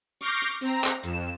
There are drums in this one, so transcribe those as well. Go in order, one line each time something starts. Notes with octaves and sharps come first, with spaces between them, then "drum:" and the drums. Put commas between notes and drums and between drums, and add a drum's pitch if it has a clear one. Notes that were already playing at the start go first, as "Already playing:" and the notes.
C#6 D6 F6 G6 A#6 C7, drum: hi-hat
drum: hi-hat
C4 A#5, drum: hi-hat
drum: clap
F2 E7, drum: hi-hat